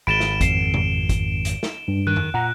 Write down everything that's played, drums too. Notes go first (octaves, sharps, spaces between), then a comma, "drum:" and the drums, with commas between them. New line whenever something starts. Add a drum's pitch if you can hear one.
G#1 B5 A6 D7 E7 G7
drum: snare
F2 C7, drum: kick, hi-hat
drum: tom B2
drum: kick, hi-hat
drum: hi-hat
drum: snare
G2
D#3 F#6
drum: tom F2
A#2 F#5 A#5